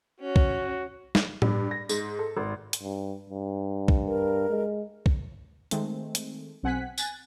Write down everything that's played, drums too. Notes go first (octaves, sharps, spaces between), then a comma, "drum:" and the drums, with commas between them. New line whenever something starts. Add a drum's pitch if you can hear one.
C#4 F#4
drum: kick B1
drum: snare
G2, drum: tom A2
A#6
G#2, drum: tambourine
A4
G#1
drum: hi-hat
G2
G2
drum: kick B1
A#4
G#3
drum: kick B1
D#3 G#3 A3 C4, drum: hi-hat
drum: hi-hat
B1 C4 F#5 G#5 F#6 B6
G#5 F#6 A6, drum: tambourine